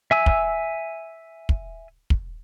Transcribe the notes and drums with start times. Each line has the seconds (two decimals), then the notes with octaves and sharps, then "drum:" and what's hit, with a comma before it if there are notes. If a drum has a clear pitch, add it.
0.11 E5 G#5 E6
0.26 drum: kick
1.49 drum: kick
2.10 drum: kick